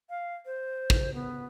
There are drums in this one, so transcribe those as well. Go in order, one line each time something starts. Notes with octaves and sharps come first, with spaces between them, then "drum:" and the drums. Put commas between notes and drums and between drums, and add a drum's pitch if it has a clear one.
F5
C5
drum: kick
B3